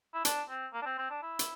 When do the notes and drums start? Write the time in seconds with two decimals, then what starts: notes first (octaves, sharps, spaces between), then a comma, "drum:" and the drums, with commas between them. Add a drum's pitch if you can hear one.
0.14 E4
0.25 D4, drum: hi-hat
0.49 C4
0.73 A#3
0.82 D4
0.85 C4
0.98 C4
1.10 D4
1.23 E4
1.39 drum: hi-hat